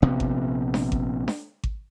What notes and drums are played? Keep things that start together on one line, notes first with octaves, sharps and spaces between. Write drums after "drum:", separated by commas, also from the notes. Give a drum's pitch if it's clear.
A#1 C3 B3
drum: kick G#1
drum: snare D4
drum: kick G#1
drum: snare D4
drum: kick G#1